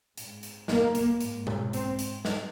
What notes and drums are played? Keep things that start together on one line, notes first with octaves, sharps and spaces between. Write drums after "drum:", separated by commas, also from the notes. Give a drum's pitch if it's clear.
G#2, drum: hi-hat
drum: hi-hat
A#3, drum: snare
drum: hi-hat
G#2, drum: hi-hat
drum: tom B2
C4, drum: hi-hat
drum: hi-hat
drum: snare